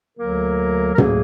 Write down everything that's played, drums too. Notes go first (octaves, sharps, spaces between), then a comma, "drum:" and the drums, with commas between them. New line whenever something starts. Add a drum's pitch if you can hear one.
D2 D3 F#3 A#3 A#4
A#4
D2 D3 F#3 A#3 G#4, drum: tom